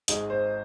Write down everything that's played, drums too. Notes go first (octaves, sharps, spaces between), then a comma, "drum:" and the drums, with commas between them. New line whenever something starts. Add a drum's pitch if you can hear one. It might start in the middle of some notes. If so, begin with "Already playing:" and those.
G#1 G#2 G#3 D#5, drum: hi-hat
C5